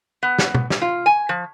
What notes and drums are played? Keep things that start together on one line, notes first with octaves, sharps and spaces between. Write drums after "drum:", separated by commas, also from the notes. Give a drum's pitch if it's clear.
B3
drum: snare
drum: tom
drum: snare
F4
G#5
F3